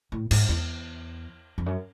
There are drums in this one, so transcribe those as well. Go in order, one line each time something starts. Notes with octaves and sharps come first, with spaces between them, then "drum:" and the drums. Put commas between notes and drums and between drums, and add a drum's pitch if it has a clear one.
A2
G#2, drum: cymbal
E2
F2
F#2